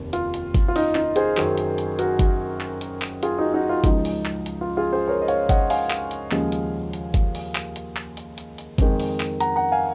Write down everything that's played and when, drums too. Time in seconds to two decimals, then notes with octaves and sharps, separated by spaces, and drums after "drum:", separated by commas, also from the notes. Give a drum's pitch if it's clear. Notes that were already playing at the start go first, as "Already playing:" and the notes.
Already playing: F1 D#2 D#3
0.13 F4, drum: hi-hat
0.34 drum: hi-hat
0.54 drum: kick G1, hi-hat
0.68 F4
0.76 D#4, drum: open hi-hat
0.95 D#4, drum: clap
1.16 G#4 C5, drum: hi-hat
1.37 F#2 D#3 F#3, drum: clap
1.58 drum: hi-hat
1.78 drum: hi-hat
1.99 F#4 A#4, drum: hi-hat
2.19 drum: kick G1, hi-hat
2.61 drum: clap
2.81 drum: hi-hat
3.02 drum: clap
3.23 F4 G#4, drum: hi-hat
3.38 D#4 F#4
3.54 D#4 F#4
3.69 F4
3.84 C#2 C#3 F3 G#3 D#4, drum: kick G1, hi-hat
4.05 drum: open hi-hat
4.25 drum: clap
4.46 drum: hi-hat
4.61 F4
4.77 F4 G#4
4.93 G#4 C5
5.08 A#4 C#5
5.21 D#5
5.28 C#5 F5, drum: hi-hat
5.49 D#5 F#5, drum: kick G1, hi-hat
5.70 F5 G#5, drum: open hi-hat
5.90 drum: clap
6.11 drum: hi-hat
6.31 D#2 C#3 F3 G#3, drum: clap
6.52 drum: hi-hat
6.93 drum: hi-hat
7.14 drum: kick G1, hi-hat
7.35 drum: open hi-hat
7.55 drum: clap
7.76 drum: hi-hat
7.97 drum: clap
8.17 drum: hi-hat
8.38 drum: hi-hat
8.58 drum: hi-hat
8.78 F2 D#3 G#3, drum: kick G1, hi-hat
9.00 drum: open hi-hat
9.20 drum: clap
9.40 F#5 A#5, drum: hi-hat
9.56 F#5 A#5
9.72 F5 G#5